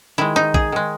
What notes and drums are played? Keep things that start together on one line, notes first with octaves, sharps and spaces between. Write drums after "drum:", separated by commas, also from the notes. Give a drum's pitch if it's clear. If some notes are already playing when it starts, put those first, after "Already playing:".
D#3 G#3 E4
D#4
G#4, drum: kick A#1
D#3 G#3